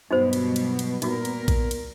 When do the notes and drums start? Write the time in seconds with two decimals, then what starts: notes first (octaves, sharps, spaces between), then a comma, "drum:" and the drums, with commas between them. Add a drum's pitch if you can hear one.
0.11 G2 B2 F#3 B3 D#4 F#4 C5
0.33 drum: cymbal
0.56 drum: cymbal
0.79 drum: cymbal
1.02 A#2 D#4 F4 F#4 A#4, drum: cymbal
1.25 drum: cymbal
1.48 drum: kick A#1, cymbal
1.71 drum: cymbal